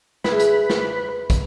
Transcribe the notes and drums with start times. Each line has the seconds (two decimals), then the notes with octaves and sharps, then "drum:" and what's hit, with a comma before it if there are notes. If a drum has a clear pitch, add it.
0.24 E4 G#4 B4, drum: snare
0.39 drum: hi-hat
0.70 drum: snare
1.30 drum: kick, hi-hat